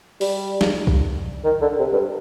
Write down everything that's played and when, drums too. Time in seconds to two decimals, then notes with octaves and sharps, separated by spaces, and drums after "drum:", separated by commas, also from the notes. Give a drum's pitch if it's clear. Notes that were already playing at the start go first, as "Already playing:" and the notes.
0.21 G3, drum: open hi-hat
0.61 drum: snare
0.87 drum: kick C2
1.45 D#3
1.62 D3
1.79 C3
1.93 G2